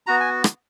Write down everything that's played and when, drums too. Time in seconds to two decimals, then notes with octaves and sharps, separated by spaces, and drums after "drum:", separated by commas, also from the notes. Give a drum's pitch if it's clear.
0.07 B3 F#4 A#5
0.20 G#5
0.44 drum: rim click